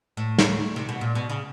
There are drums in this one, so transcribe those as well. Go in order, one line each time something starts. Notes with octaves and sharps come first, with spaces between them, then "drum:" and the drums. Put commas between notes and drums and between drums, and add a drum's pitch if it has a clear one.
A2
drum: snare
C3
B2
A#2
B2
C#3